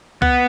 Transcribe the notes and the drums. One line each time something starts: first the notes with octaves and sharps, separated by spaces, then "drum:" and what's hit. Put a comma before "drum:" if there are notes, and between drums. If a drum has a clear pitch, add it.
B3, drum: kick C2